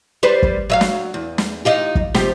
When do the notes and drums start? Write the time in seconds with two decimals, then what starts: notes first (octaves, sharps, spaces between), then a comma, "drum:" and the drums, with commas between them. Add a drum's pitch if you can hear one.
0.23 G3 B4 C5
0.43 drum: kick
0.70 F#3 E5 F5
0.81 drum: snare
1.14 E2
1.38 drum: snare
1.65 D#4 F4 G4
1.95 drum: kick
2.14 C3 F3 G4, drum: snare